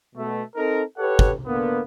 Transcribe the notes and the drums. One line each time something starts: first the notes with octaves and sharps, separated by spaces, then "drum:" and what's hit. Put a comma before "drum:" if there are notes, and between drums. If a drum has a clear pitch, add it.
B2 A3
C4 D#4 A4 A#4
G4 A4 B4 C#5 F#5
drum: kick
D3 A#3 B3